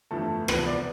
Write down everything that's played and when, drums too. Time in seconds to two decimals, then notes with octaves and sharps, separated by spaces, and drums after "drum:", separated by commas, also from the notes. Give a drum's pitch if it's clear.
0.11 G1 F2 E3 A3 A4
0.48 E1 E2 C3 F3 B3 B4, drum: rim click
0.66 D5